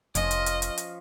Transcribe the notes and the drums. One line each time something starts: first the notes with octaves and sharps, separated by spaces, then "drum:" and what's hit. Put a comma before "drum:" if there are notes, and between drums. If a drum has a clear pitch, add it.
F1 F3 C#4 D#5, drum: hi-hat
drum: hi-hat
drum: hi-hat
drum: hi-hat
drum: hi-hat